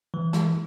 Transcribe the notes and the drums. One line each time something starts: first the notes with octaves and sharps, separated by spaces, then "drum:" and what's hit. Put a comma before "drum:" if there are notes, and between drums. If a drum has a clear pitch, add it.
E3
drum: snare